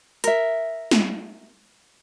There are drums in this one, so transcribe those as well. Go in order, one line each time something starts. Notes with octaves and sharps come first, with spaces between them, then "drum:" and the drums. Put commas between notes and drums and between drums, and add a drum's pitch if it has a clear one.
A#4 E5, drum: hi-hat
drum: snare